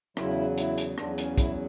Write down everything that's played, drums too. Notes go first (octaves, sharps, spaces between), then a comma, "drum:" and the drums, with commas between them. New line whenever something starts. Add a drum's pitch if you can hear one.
E2 C#3 F#3 E4, drum: rim click
E4, drum: hi-hat
drum: hi-hat
E2 C#3 F#3 D4, drum: rim click
C#4, drum: hi-hat
E4, drum: kick, hi-hat